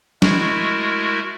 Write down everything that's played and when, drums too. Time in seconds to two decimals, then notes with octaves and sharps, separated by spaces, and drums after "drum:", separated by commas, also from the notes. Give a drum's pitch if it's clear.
0.22 G#3 A3 E4 F#4 A#4, drum: snare